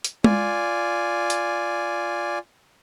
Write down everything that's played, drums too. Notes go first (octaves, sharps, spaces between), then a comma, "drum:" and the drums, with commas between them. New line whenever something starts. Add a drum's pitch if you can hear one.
drum: hi-hat
F4 D5 G#5, drum: tom
drum: hi-hat